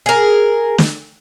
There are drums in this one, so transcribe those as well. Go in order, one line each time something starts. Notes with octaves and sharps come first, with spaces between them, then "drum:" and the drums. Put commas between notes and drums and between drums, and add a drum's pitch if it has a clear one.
G#4 A#4
drum: snare